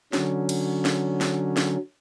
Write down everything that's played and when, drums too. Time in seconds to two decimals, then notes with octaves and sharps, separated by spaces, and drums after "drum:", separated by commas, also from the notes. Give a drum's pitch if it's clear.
0.13 D3 F#3 C#4, drum: snare
0.49 drum: cymbal
0.85 drum: snare
1.21 drum: snare
1.57 drum: snare